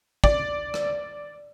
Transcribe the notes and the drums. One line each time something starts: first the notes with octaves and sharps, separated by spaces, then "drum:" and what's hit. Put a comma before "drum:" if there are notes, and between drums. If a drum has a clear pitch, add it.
D5, drum: kick
drum: rim click